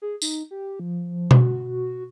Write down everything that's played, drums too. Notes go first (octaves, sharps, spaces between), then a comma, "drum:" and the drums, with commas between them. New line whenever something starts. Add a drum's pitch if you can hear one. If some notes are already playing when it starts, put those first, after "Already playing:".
G#4
D#4, drum: tambourine
G4
F3
F#4, drum: tom B2